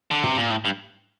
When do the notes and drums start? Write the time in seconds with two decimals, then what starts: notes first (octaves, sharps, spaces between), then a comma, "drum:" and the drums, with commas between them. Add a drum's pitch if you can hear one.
0.11 D3
0.24 C3, drum: tom
0.37 A#2
0.50 A2
0.65 G2